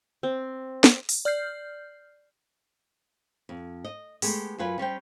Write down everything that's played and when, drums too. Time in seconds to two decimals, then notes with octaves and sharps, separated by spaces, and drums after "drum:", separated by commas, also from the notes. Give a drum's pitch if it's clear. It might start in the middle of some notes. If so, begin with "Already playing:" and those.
0.23 C4
0.84 drum: snare
1.09 drum: open hi-hat
1.25 D5 F6 G6 C7
3.49 F2
3.85 D#5
4.22 G#3 A3 B3 G4 G#4, drum: open hi-hat
4.58 F#2 F#3 F4 B4 G#5
4.78 G3 C#4 C5 G5